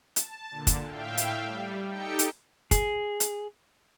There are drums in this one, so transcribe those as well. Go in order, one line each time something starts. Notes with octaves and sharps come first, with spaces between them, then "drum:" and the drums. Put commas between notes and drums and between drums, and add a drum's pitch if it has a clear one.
A5, drum: hi-hat
A#2 D3
drum: kick, hi-hat
A2 E5 F5 G5
drum: hi-hat
G3
D#4 G4 A4 G5 C#7
drum: hi-hat
G#4, drum: kick, hi-hat
drum: hi-hat